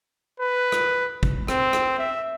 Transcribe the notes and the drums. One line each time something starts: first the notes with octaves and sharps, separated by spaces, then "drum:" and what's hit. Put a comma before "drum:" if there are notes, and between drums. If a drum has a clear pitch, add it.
B4
drum: rim click
drum: kick
C4, drum: rim click
drum: rim click
E5